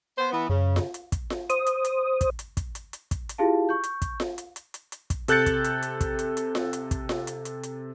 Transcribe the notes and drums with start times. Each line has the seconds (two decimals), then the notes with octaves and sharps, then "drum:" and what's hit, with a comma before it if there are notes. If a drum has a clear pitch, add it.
0.18 B3 C5
0.32 E3 B3
0.49 F#2 C#3
0.76 drum: snare F4
0.94 drum: hi-hat
1.12 drum: kick, hi-hat
1.30 drum: snare F4
1.50 C5 D#6, drum: hi-hat
1.66 drum: hi-hat
1.85 drum: hi-hat
2.21 drum: kick, hi-hat
2.39 drum: hi-hat
2.57 drum: kick, hi-hat
2.75 drum: hi-hat
2.93 drum: hi-hat
3.11 drum: kick, hi-hat
3.29 drum: hi-hat
3.38 E4 F4 G4 G#4 F5 A5
3.69 C#6 G6
3.84 drum: hi-hat
4.02 drum: kick, hi-hat
4.20 drum: snare F4
4.38 drum: hi-hat
4.56 drum: hi-hat
4.74 drum: hi-hat
4.92 drum: hi-hat
5.10 drum: kick, hi-hat
5.28 C3 A4 F#6 G6 A6 C#7, drum: hi-hat
5.46 drum: kick, hi-hat
5.64 drum: hi-hat
5.83 drum: hi-hat
6.01 drum: kick, hi-hat
6.19 drum: hi-hat
6.37 drum: hi-hat
6.55 drum: snare F4
6.73 drum: hi-hat
6.91 drum: kick, hi-hat
7.09 drum: snare F4
7.27 drum: hi-hat
7.45 drum: hi-hat
7.63 drum: hi-hat